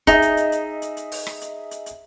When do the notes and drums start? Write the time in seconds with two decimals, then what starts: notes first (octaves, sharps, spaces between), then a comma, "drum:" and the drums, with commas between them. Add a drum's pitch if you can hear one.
0.07 D#4 G#4 D#5 E5, drum: kick, hi-hat
0.22 drum: hi-hat
0.37 drum: hi-hat
0.52 drum: hi-hat
0.82 drum: hi-hat
0.97 drum: hi-hat
1.12 drum: open hi-hat
1.27 drum: rim click
1.41 drum: hi-hat
1.71 drum: hi-hat
1.86 drum: hi-hat